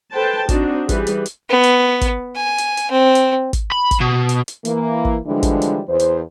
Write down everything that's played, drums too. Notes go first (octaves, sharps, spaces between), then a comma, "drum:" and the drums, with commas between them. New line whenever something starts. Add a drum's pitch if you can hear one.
A4 B4 C5 G5 A5
C4 D4 D#4 F#4, drum: kick, hi-hat
E3 G3 G#4 B4, drum: kick, hi-hat
drum: hi-hat
drum: hi-hat
B3
drum: hi-hat
drum: kick, hi-hat
G#5
drum: hi-hat
drum: hi-hat
C4
drum: hi-hat
drum: kick, hi-hat
B5
drum: kick, hi-hat
B2
drum: hi-hat
drum: hi-hat
E3 A#3, drum: hi-hat
drum: kick
D3 E3 F3 G3 G#3 D4
drum: kick, hi-hat
drum: hi-hat
E2 C5
drum: hi-hat